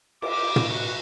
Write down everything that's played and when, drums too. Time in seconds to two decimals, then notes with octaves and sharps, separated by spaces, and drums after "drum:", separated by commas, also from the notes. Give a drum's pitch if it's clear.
0.22 D6, drum: cymbal
0.56 drum: tom
0.69 F#4